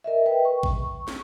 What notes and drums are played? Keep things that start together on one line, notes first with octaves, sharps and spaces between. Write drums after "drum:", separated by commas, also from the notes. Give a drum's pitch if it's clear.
A#4 D#5 E5
B4 G5
C#6
drum: kick A1
drum: snare